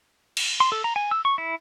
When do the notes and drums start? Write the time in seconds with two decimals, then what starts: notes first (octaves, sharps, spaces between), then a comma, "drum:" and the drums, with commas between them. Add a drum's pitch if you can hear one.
0.37 drum: cymbal
0.60 C6
0.72 A4
0.84 A#5
0.96 G#5
1.11 E6
1.25 C#6
1.38 E4